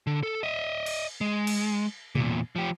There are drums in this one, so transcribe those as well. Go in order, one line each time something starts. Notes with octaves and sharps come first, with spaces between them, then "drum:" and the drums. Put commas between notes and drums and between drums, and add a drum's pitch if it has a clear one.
D3
A4
D#5 E5
drum: cymbal
G#3
drum: cymbal
E2 A#2, drum: tom B2
F3 G4